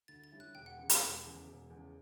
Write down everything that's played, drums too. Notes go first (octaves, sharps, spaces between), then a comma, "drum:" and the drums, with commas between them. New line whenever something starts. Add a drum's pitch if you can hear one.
D2 A6
A6
D3 G3 C#4 E4
F#6
E1 G5
F#5
E2 C#3
G5, drum: hi-hat
E1
E2 C#3
E1
E2 C#3